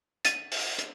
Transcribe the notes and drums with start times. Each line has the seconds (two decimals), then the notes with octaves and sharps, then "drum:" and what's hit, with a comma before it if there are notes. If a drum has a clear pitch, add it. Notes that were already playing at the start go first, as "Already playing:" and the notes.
0.25 A6 D#7, drum: hi-hat
0.52 drum: open hi-hat
0.79 drum: hi-hat